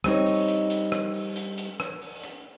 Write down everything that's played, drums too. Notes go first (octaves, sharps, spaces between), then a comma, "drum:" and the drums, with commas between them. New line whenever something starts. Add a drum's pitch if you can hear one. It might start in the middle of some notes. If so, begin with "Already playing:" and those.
G3 C4 D#4 C#5, drum: rim click
drum: open hi-hat
drum: hi-hat
drum: hi-hat
drum: rim click
drum: open hi-hat
drum: hi-hat
drum: hi-hat
drum: rim click
drum: open hi-hat
drum: hi-hat